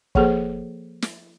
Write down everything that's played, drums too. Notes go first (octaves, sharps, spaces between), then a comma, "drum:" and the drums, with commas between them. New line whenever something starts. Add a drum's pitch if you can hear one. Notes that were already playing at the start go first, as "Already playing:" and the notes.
F3 A#3 G#4 A4 C5, drum: kick
drum: snare